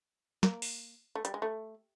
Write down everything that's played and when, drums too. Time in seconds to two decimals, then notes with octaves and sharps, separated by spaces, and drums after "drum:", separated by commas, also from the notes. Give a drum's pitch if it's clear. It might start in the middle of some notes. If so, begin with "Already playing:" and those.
0.43 A#3, drum: snare
0.62 drum: open hi-hat
1.15 A3
1.25 G3, drum: hi-hat
1.34 G#3
1.42 A3